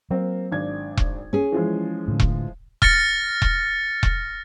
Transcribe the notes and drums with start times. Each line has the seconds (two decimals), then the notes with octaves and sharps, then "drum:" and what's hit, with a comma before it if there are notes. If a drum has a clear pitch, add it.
0.10 F#3 A#3 C4
0.52 G#1 D4 G#6
0.97 drum: kick E1
1.33 C#4 G#4
1.52 E3 F3 G#3
2.08 A2 D3
2.20 drum: kick E1
2.82 F6 A6 A#6 C#7, drum: kick E1
3.42 drum: kick E1
4.03 drum: kick E1